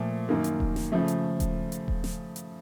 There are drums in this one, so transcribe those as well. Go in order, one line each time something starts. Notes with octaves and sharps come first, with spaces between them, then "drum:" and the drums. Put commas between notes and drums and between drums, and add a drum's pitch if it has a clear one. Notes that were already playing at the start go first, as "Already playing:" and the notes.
Already playing: A#2 F3 A3
F#2 D#3 A#3
drum: hi-hat
drum: kick D#1
drum: snare
C#3 F3 A3
drum: hi-hat
drum: kick D#1, hi-hat
drum: hi-hat
drum: kick D#1
drum: snare
drum: hi-hat